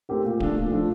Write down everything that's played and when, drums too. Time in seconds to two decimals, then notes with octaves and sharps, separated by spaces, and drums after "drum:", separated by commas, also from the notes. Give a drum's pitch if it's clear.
0.09 A3 C4 G4 A#4
0.24 A#2
0.40 F3 A3 D4, drum: kick D1
0.56 A#2
0.72 F3 A3 D4